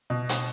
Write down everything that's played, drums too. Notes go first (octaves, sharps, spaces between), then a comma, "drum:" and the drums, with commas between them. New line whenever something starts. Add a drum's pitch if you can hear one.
B2
drum: hi-hat